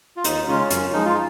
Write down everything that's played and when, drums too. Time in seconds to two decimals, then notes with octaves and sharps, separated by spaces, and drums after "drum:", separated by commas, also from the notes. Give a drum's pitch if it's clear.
0.17 F4
0.24 D#2 D#4, drum: hi-hat
0.48 C#3 G#3 C#4 F4
0.70 F#2 C#4, drum: hi-hat
0.93 F3 G#3 D#4
1.05 F4